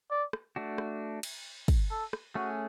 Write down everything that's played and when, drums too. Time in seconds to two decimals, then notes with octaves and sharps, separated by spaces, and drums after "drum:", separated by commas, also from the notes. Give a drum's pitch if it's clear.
0.11 D5
0.33 drum: rim click
0.56 A3 D4 F#4
0.78 drum: rim click
1.23 drum: cymbal
1.68 drum: kick, cymbal
1.91 A4
2.13 drum: rim click
2.35 A3 C#4 F#4 G#4